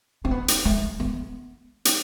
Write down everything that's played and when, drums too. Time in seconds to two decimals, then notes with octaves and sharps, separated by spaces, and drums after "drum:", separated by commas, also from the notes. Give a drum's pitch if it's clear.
0.25 C4
0.31 B3
0.48 drum: hi-hat
0.65 A3
1.00 B3
1.85 drum: hi-hat